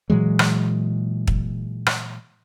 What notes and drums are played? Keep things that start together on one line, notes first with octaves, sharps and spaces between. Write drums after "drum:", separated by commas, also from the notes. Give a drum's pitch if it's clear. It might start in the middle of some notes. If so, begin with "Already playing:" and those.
A#2 E3 F#3 G#3
drum: rim click
drum: kick
drum: rim click